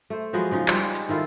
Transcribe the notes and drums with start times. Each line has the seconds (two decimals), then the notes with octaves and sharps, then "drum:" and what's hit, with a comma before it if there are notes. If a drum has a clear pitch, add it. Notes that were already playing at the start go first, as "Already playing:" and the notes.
0.10 A3 C5
0.33 F3 F#3 G#3 B3
0.51 C#3 F3 D#4
0.68 G3 G#3 C5, drum: clap
0.95 drum: hi-hat
1.09 D#3 E4 F4 A4